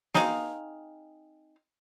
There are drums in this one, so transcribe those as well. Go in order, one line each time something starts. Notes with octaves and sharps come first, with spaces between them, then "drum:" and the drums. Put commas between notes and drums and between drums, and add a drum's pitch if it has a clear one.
C4 D#4 G#4 F5, drum: snare